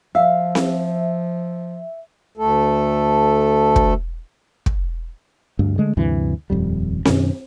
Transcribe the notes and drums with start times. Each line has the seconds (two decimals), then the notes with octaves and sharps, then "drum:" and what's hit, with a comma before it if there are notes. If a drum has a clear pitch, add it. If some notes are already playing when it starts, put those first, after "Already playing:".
0.15 F3 E5 F5
0.55 drum: snare C4
2.37 D2 A3 A4
3.76 drum: kick
4.66 drum: kick
5.59 D2 G2
5.78 D3 G#3 A3
5.97 D2 G2 C3 E3
6.50 D#1 F2 G3
7.05 F#2 B2 D#3 C#4, drum: snare C4